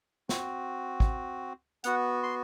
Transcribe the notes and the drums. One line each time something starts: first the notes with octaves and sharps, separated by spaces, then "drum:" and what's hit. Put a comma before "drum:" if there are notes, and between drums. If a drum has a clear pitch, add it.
C4 F#4, drum: snare
drum: kick G#1
B3 F#4 F#5, drum: hi-hat
C6